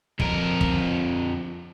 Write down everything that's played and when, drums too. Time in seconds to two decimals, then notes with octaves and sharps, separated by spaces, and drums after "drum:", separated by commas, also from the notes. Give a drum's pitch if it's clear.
0.20 F2 A#4, drum: kick
0.61 drum: kick